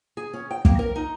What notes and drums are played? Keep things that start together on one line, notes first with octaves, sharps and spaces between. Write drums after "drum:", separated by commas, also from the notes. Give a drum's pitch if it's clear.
G#4
C#4
G5
A#3, drum: kick
A#4
D#4